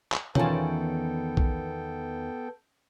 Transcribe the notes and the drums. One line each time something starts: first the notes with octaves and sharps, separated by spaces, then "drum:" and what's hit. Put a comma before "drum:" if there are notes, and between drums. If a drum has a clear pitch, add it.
drum: clap
E2 D#3 B3 C#4 F4 A4 G5 A5, drum: tom B2
drum: kick A#1